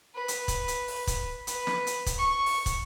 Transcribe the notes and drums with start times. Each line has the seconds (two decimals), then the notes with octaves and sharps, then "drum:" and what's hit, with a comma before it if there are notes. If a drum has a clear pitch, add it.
0.15 B4
0.28 drum: hi-hat
0.48 drum: kick, hi-hat
0.68 drum: hi-hat
0.88 drum: open hi-hat
1.07 drum: kick, hi-hat
1.47 B4, drum: hi-hat
1.67 drum: snare
1.87 drum: hi-hat
2.06 drum: kick, hi-hat
2.18 C#6
2.46 drum: open hi-hat
2.66 drum: kick, hi-hat